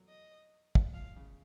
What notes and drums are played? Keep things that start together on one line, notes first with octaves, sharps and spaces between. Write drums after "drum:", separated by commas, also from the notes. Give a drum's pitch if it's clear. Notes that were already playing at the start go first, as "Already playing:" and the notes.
Already playing: F#3 A3
D#5
drum: kick
F3 F5
C#3